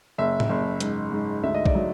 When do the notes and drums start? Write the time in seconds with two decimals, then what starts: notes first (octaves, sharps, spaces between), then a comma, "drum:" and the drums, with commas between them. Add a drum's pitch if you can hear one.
0.18 F#1 E5
0.40 drum: tom A2
0.49 F#1
0.80 G#2, drum: hi-hat
1.12 G#2
1.43 D2 E5
1.54 D#5
1.66 D5, drum: kick
1.75 F#3 D#5